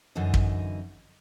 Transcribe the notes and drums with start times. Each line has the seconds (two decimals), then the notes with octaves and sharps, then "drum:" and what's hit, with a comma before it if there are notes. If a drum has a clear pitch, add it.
0.15 F#2 D3 E3 D#4
0.34 drum: kick